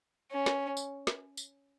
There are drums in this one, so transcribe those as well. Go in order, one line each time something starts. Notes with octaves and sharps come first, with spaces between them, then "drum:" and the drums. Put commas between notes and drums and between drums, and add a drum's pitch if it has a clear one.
C#4
drum: snare
drum: tambourine
drum: snare
drum: tambourine